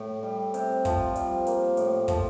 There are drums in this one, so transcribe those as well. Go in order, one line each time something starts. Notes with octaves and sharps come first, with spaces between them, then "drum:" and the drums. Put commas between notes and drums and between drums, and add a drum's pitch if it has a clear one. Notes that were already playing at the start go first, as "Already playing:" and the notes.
Already playing: A2
G3
C3, drum: hi-hat
F3, drum: kick, hi-hat
G3, drum: hi-hat
A#3, drum: hi-hat
A2, drum: hi-hat
F3, drum: kick, hi-hat